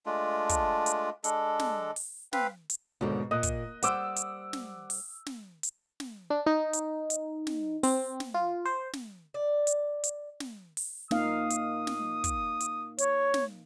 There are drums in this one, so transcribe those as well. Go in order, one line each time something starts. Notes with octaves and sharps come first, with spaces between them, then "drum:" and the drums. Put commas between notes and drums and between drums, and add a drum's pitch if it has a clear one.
G#3 A3 D4 F4
drum: kick, hi-hat
drum: hi-hat
G#3 D4 A4, drum: hi-hat
drum: snare
drum: open hi-hat
C4 B4 F5, drum: snare
drum: hi-hat
D#2 G#2 B2 D3
A#2 D#5 D#6 F#6
drum: kick, hi-hat
G3 C5 F#5 D6 E6, drum: hi-hat
drum: hi-hat
drum: snare
drum: open hi-hat
drum: snare
drum: hi-hat
drum: snare
D4
D#4
drum: hi-hat
drum: hi-hat
drum: snare
C4, drum: open hi-hat
drum: snare
F4
C5
drum: snare
D5
drum: hi-hat
drum: hi-hat
drum: snare
drum: open hi-hat
A#3 D#4 F5 D#6, drum: snare
drum: hi-hat
drum: snare
drum: kick, hi-hat
drum: hi-hat
C#5, drum: hi-hat
drum: snare